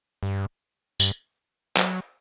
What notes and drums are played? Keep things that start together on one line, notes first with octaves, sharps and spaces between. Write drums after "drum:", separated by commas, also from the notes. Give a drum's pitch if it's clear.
G2
G2, drum: tambourine
F#3, drum: clap